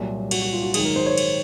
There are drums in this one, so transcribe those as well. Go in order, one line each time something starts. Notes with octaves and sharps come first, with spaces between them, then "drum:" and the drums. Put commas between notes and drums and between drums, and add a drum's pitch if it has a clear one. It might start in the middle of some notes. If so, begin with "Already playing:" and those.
Already playing: C2 A#2 F#3
F#4, drum: cymbal
F#4
F4
F#4
G#2 D#3 F#3 G#4, drum: cymbal
A#4
C5
C#5
drum: cymbal